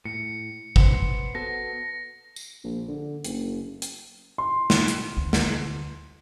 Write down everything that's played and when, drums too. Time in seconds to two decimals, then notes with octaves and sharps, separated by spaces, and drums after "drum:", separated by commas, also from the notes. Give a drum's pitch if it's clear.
0.05 A2 C#7
0.76 B3 C5, drum: kick G#1
1.35 B3 F#4 A4 A#6
2.36 drum: tambourine
2.64 A#1
2.88 D3
3.25 F#1, drum: hi-hat
3.82 drum: hi-hat
4.38 C6
4.70 drum: snare
4.88 drum: hi-hat
5.17 D2
5.33 drum: snare